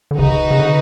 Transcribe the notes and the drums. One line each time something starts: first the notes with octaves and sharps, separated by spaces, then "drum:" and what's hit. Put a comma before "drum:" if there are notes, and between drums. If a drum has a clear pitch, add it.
D3
C#3 D#4 F#4 B4, drum: kick C2
C#3
D3